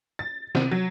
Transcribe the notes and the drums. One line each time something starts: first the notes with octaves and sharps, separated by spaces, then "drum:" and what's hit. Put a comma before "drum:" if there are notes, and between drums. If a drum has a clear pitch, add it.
A6
C3, drum: snare
F#3